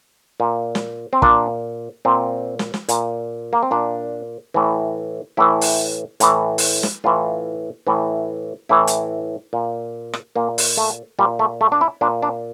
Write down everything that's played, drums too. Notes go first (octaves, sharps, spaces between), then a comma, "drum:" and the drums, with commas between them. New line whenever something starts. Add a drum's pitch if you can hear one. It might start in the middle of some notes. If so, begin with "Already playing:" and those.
A#2
drum: snare
C4
A#2 D4, drum: kick
A#2 C4
drum: snare
drum: snare
A#2, drum: hi-hat
A#3
C4
A#2 D4
A2 E3
A2 E3 E4
drum: open hi-hat
A2 E3, drum: hi-hat
drum: open hi-hat
drum: snare
A2 E3 F4
A2 E3
A2 E3 E4
drum: hi-hat
A#2
drum: rim click
A#2 A#3
drum: open hi-hat
A3
A#2 G3
A3
A3
D4
E4
A#2 D4
D4